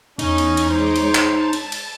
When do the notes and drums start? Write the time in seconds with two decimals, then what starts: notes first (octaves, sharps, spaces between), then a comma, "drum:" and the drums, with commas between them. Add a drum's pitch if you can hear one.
0.19 E2 C#4 D#4, drum: cymbal
0.38 drum: cymbal
0.57 drum: cymbal
0.70 G#3 C5 C#5 D6
0.96 drum: cymbal
1.15 drum: clap
1.26 A5
1.53 drum: cymbal
1.72 drum: cymbal